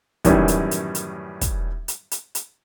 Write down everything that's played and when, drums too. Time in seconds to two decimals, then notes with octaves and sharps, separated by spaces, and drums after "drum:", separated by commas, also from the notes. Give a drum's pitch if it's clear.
0.25 F#2 A2 D#3 E3 G3 C#4, drum: kick, hi-hat
0.48 drum: hi-hat
0.71 drum: hi-hat
0.95 drum: hi-hat
1.41 drum: kick, hi-hat
1.88 drum: hi-hat
2.11 drum: hi-hat
2.35 drum: hi-hat